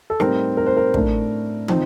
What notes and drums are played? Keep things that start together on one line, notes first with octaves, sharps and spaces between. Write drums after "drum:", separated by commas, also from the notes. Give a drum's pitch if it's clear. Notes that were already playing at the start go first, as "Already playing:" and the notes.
A4
A2 G3 C4 D#4 A#4, drum: rim click
A#4
C5
A#4
A2 A3 D4, drum: kick
F3 C4 D#4, drum: tom